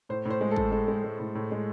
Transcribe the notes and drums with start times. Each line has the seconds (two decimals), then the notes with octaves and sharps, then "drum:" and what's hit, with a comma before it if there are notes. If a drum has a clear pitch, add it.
0.09 A2 C5
0.25 A2
0.30 C5
0.41 G#3
0.51 A4
0.56 G#3, drum: kick
0.72 G#3 A4
0.88 G#3
1.04 G#3
1.20 A2
1.35 A2
1.51 G#3